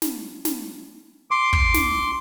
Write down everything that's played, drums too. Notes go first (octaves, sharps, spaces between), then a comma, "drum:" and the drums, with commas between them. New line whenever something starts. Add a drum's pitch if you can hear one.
drum: snare
drum: snare
C6 D6
drum: kick
drum: snare